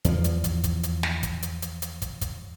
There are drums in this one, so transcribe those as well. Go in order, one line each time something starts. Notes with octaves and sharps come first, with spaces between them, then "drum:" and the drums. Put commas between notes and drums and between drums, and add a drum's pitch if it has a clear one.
E2 F3, drum: hi-hat
drum: hi-hat
drum: kick, hi-hat
drum: kick, hi-hat
drum: hi-hat
drum: snare
drum: kick, hi-hat
drum: hi-hat
drum: hi-hat
drum: hi-hat
drum: kick, hi-hat
drum: kick, hi-hat